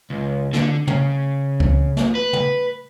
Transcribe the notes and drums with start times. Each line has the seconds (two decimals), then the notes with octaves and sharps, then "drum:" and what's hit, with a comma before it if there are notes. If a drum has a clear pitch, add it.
0.10 C#2
0.53 D3, drum: snare
0.87 C#3, drum: tom
1.60 drum: kick C#2
1.97 drum: snare
2.15 B4
2.33 drum: tom